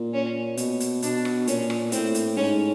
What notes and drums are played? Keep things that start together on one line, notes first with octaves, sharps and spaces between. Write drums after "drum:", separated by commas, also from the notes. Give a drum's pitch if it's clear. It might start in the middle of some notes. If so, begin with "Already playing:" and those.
Already playing: A#2
C#4
B2, drum: hi-hat
drum: hi-hat
B2 D4, drum: hi-hat
drum: rim click
A#2 C#4, drum: hi-hat
drum: rim click
A2 C4, drum: hi-hat
drum: hi-hat
G#2 C#4